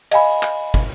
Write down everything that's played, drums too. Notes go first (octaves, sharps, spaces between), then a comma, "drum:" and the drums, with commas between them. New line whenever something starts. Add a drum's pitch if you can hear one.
D#5 F5 G#5 B5, drum: cymbal
drum: clap
drum: kick